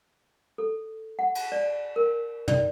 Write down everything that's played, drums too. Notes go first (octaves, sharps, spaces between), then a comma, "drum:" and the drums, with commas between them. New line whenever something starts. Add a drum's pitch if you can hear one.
A4
F#5
drum: cymbal
D5
A#4
D5, drum: tom